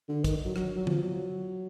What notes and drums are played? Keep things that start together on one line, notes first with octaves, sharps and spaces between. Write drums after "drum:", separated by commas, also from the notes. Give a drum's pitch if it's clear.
D3
D#3, drum: kick, hi-hat
F#3
F#3, drum: rim click
F#3
F3, drum: tom
F#3